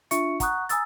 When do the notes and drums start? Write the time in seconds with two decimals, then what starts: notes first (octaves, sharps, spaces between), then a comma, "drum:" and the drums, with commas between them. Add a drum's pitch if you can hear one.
0.11 D4 F4 E5 C#6 C#7, drum: hi-hat
0.40 F#5 A#5 C#6 D#6 F#6, drum: kick, hi-hat
0.69 G#5 A#5 D#6 E6 A6, drum: hi-hat